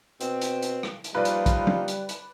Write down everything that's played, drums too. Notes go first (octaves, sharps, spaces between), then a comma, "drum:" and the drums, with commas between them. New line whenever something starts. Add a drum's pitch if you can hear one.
B2 C4, drum: hi-hat
drum: hi-hat
drum: hi-hat
drum: rim click
drum: hi-hat
F3 G3 A#3 D#4 F4 B4 D5
drum: hi-hat
drum: kick, hi-hat
drum: tom F#3
drum: hi-hat
drum: hi-hat